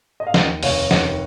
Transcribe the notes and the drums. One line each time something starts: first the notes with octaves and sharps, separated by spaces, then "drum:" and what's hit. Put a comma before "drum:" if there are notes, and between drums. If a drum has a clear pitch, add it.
D#5
F5
D#2 D#5 F#5, drum: snare
F1 C#5 F5, drum: open hi-hat
D#3 D#5 F#5, drum: snare